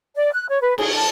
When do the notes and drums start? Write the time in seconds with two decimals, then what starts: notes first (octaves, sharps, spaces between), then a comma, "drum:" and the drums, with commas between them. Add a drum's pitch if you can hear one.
0.15 D5
0.33 F#6
0.49 C#5
0.61 B4
0.78 G#4, drum: cymbal
0.93 A5